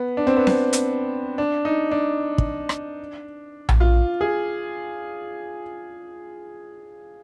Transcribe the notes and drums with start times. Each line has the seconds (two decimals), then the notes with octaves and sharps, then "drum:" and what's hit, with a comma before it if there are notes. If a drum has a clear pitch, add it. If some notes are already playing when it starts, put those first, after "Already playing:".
Already playing: B3
0.17 D4
0.27 C4
0.37 B3
0.47 C4, drum: snare C4
0.73 drum: hi-hat
1.38 D4
1.65 D#4
1.91 D4
2.38 drum: kick
2.69 drum: rim click
3.69 drum: tom A#1
3.80 F4
4.21 G#4